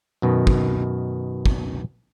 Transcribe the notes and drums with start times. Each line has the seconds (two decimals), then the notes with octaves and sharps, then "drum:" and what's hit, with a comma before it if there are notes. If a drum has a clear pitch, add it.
0.22 F#2 B2 D#3
0.47 drum: kick
1.46 drum: kick